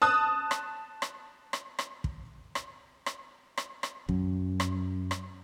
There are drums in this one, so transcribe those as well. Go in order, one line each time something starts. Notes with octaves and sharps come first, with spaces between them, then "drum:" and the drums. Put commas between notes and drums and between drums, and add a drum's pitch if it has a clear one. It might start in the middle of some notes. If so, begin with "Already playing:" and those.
A5 D#6 F#6
drum: rim click
drum: rim click
drum: rim click
drum: rim click
drum: kick
drum: rim click
drum: rim click
drum: rim click
drum: rim click
F#2, drum: kick
drum: rim click
drum: rim click